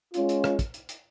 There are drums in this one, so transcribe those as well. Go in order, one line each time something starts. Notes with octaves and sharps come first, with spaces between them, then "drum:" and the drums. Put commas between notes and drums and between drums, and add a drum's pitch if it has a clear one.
G#3 C#4 F4, drum: hi-hat
drum: hi-hat
drum: rim click
drum: kick, hi-hat
drum: hi-hat
drum: hi-hat